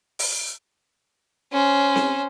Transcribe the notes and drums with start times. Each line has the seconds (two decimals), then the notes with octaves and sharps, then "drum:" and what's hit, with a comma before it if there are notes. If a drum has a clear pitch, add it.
0.19 drum: open hi-hat
1.52 C#4 C5
1.96 drum: snare C4